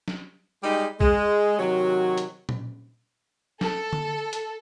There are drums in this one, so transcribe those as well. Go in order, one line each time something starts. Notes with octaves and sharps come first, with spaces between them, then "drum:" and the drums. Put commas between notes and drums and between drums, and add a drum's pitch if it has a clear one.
drum: snare
G3 G#3 D#4 G4
G#3, drum: kick C2
C3 D#3 F#3
drum: hi-hat
drum: tom A#2
A4, drum: snare
drum: tom D3
drum: hi-hat